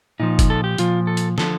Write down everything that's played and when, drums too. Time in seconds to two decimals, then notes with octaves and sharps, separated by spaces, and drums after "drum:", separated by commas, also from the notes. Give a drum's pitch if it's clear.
0.20 A#2 F3 D#4
0.39 drum: kick, hi-hat
0.50 A4
0.64 G4
0.78 A#2 F3 F4, drum: hi-hat
1.07 A4
1.17 drum: hi-hat
1.38 D3 F3 A4, drum: snare